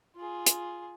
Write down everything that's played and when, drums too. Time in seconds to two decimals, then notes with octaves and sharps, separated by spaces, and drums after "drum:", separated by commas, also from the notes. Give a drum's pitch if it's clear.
0.16 F4 G#4
0.46 drum: hi-hat